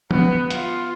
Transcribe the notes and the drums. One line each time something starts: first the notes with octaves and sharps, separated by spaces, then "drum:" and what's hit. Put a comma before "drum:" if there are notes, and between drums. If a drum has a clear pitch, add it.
B3, drum: tom
F4, drum: hi-hat